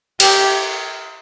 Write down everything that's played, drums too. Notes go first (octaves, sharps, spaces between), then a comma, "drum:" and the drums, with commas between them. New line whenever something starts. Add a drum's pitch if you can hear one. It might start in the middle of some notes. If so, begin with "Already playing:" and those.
G4, drum: cymbal